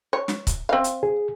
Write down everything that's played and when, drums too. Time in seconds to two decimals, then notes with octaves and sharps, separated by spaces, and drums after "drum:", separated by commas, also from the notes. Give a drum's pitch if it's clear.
0.13 C#5
0.28 drum: snare
0.47 drum: kick C#1, hi-hat
0.69 C4 F5
0.84 drum: hi-hat
1.03 G#4